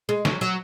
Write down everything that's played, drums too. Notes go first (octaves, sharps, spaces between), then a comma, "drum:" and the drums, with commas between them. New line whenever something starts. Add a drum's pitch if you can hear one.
G#3
F#3, drum: snare
F#3